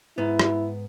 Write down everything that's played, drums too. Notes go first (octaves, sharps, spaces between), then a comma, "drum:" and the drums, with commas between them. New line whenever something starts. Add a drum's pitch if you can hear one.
G#2 B3 E4
drum: rim click